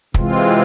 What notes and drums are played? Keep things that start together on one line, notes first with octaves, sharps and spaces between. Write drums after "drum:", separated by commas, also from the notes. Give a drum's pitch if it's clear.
C3 E3 G#3 C4 F4, drum: kick